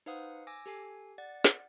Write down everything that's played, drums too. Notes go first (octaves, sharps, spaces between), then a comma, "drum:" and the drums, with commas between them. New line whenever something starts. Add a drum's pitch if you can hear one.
D#4 B4 C5 F5 F#5 D#6
G#5 D6 E6 A#6
G4 A4 G#5 C7
D5 F#5 A6
drum: snare